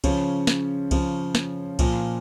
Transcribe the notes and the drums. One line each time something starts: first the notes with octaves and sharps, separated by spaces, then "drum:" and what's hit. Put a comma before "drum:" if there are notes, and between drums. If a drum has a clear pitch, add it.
C#3 F3 C#4, drum: kick C2, cymbal
drum: snare
C#3 F3, drum: kick C2, cymbal
drum: snare
A#2 F3, drum: kick C2, cymbal